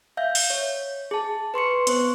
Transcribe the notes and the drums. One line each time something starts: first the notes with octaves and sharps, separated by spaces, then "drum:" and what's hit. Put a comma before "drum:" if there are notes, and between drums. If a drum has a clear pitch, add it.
E5 F5 G6
drum: open hi-hat
C#5
G#4 A5
B4 C6 C#6 C#7
B3 C5 C#6, drum: hi-hat